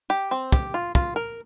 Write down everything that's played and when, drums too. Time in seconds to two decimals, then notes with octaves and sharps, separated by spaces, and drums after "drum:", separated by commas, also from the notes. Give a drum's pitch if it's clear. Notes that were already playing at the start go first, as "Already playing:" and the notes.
0.10 G4
0.31 C4
0.52 G4, drum: kick
0.74 F4
0.95 F4, drum: kick
1.16 A#4